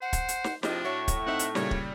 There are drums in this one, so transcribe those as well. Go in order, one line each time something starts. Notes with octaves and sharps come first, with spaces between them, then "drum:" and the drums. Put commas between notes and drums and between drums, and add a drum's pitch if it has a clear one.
C5 F#5
drum: kick, hi-hat
drum: hi-hat
drum: snare
A2 C3 F3 D4 G4 G#4 D#5, drum: snare
A2 F#4 C#5 E5 C#6
drum: kick, hi-hat
C4 D#4 E5 F#5
drum: hi-hat
A#2 C#3 G3 C#5, drum: snare
drum: kick